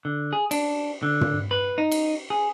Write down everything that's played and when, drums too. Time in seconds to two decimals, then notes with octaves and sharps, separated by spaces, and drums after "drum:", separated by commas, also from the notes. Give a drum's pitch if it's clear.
0.05 D3
0.33 G#4
0.51 D4, drum: cymbal
1.03 D3
1.21 drum: tom
1.51 B4
1.78 D#4
1.92 drum: cymbal
2.30 G#4